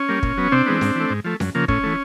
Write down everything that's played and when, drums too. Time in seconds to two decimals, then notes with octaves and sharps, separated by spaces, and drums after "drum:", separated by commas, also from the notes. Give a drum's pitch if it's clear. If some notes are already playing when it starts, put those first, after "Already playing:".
Already playing: C#4
0.09 G3 A#3
0.23 A#2, drum: kick
0.38 F#3 B3
0.52 C3 C4 D4
0.66 E3 G#3 B3
0.81 G#2, drum: snare C#4
0.96 E3 A3
1.10 G#2
1.24 F3 A3
1.40 F#2, drum: snare C#4
1.55 C#3 F3 A#3
1.68 A2 C#4, drum: kick
1.84 E3 A3